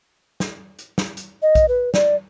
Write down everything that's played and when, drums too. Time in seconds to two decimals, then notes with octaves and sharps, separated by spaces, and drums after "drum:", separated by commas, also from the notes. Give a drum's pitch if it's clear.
0.40 drum: snare
0.79 drum: hi-hat
0.98 drum: snare
1.17 drum: hi-hat
1.42 D#5
1.55 drum: kick B1, hi-hat
1.68 B4
1.94 D5, drum: snare